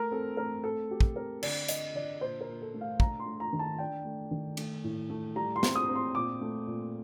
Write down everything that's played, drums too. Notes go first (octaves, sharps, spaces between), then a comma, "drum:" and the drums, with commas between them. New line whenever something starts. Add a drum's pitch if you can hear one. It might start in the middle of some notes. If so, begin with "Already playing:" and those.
Already playing: A3 A#4
C4 A4
A3 A#4
C4 A4
C4 G4
drum: kick
C4 A#4
D3 D5, drum: cymbal
D4 D#5, drum: hi-hat
D3 D5
A#2 C5
A#4
A#2
A4
A3
F5
D4 A#5, drum: kick
C6
A3
A#5
D#3
A5
D4 G5
A3
D#3
A3, drum: cymbal
A2
A3
G3 A#5
C6
C4, drum: snare
D#6
C4
C6
A#2 D6
A3
A#2